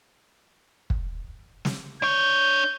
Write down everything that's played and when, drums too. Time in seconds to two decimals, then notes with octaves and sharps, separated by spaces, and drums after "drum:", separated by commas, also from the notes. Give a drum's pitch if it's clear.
0.90 drum: kick
1.65 drum: snare
2.02 D4 C#5 G6